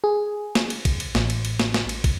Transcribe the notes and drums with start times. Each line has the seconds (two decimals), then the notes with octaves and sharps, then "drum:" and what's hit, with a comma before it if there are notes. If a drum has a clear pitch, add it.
0.04 G#4
0.55 drum: snare
0.70 drum: cymbal
0.85 drum: kick, cymbal
1.00 drum: cymbal
1.15 A1, drum: snare
1.30 drum: cymbal
1.45 drum: cymbal
1.60 drum: snare
1.74 drum: snare
1.89 drum: cymbal
2.04 drum: kick, cymbal